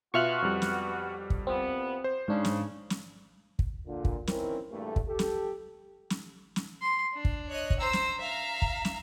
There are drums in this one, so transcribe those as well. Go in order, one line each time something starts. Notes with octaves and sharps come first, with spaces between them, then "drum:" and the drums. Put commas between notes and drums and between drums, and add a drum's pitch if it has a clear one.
B2 B3 F4 F#4 E5 C#6 F6 F#6
F2 G3
drum: snare
drum: kick
C2 F3 B3 C4
C5
G#2 C#3 D4
drum: snare
drum: snare
drum: kick
A#2 D3
drum: kick
D#3 E3 C4 C#4 E4 A#4, drum: snare
E2 G2 A#2 A3
drum: kick
G4 A4
drum: snare
drum: snare
drum: snare
C6
D4
drum: kick
C#5 D#5 F#6
drum: kick
C5 A#5 E6
drum: snare
E5 F5 A#5
drum: kick
drum: snare